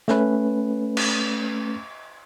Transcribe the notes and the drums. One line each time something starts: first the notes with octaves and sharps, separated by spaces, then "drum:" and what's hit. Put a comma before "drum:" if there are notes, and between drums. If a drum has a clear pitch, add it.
A3 C#4 B4, drum: snare
drum: cymbal